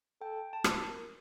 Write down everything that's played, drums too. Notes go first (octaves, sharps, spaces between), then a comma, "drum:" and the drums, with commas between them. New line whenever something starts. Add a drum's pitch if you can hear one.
A4 G5
A5
drum: rim click
A#4